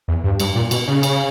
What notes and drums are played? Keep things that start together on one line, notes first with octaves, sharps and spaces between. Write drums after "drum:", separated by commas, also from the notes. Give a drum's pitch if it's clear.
E2
G2
G2, drum: cymbal
A#2
B2, drum: cymbal
C#3
drum: cymbal